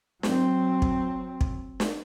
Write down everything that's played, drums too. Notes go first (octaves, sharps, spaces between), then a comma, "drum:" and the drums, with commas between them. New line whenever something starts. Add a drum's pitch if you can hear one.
F#3 C4, drum: snare
drum: kick
drum: kick
drum: snare